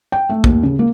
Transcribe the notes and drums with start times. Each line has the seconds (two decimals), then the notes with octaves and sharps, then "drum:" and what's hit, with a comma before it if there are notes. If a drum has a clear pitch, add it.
0.12 G5
0.30 A3
0.44 D#2, drum: kick
0.63 C#3
0.79 A#3